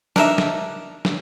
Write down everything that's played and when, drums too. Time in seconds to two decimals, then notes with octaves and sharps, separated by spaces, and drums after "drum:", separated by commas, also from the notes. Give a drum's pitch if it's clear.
0.16 D4 D#4 A#4 E5, drum: snare
0.38 drum: snare
1.05 drum: snare